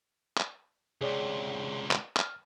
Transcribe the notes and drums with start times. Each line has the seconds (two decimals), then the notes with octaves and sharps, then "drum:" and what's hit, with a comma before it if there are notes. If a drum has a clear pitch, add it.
0.38 drum: clap
1.01 C#2 C3 G#4 C#5 D5
1.91 drum: clap
2.17 F6, drum: clap